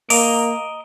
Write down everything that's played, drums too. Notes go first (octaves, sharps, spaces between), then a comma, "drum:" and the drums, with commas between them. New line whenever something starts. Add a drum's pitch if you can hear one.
A#3 D#5 A#5 D6, drum: open hi-hat